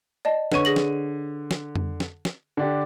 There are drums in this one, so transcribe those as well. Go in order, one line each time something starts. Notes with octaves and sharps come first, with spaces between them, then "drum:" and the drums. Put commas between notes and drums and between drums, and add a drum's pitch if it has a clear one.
D5 D#5 A5
D3 B4 C#5 C#6 D#7, drum: snare
G#4 A#6 F#7
drum: snare
drum: snare
drum: tom F2
drum: snare
drum: snare
D3 D4 G4